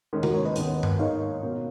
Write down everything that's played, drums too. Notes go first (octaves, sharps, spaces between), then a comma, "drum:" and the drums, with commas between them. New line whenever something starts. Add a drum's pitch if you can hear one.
D#2 D#3 G#3 C#4
F#4 A#4, drum: tom C3
A#4 C#5
B4 D#5
D#2 D#3 G#3 B3, drum: hi-hat
drum: tom G2
G#2 D#3 A#3 D#4 C#5 F5
B2 A#3 C#4